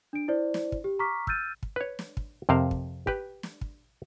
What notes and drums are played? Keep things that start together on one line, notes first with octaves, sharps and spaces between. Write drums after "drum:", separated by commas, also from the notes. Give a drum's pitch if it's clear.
D4 D7
E4 C5 D5
drum: snare
drum: kick
G4
A#5 C#6 D6 F6 B6
E6 F6 G6 A6 D#7, drum: kick
drum: kick
B4 C#5
drum: snare
drum: kick
F2 C3 A#4 C5 F5
drum: kick
G4 B4, drum: kick
drum: snare
drum: kick